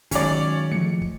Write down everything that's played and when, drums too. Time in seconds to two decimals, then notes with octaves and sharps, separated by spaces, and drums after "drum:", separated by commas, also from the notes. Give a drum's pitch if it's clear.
0.11 D#3 F#3 G#3 C#4 C#5 D5, drum: kick, hi-hat
0.72 F3 A3 C#7
1.01 drum: kick